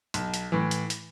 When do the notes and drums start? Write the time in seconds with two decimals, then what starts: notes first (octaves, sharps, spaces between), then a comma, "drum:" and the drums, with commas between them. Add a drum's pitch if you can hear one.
0.14 B1, drum: hi-hat
0.34 drum: hi-hat
0.52 A2 E3
0.71 drum: hi-hat
0.90 drum: hi-hat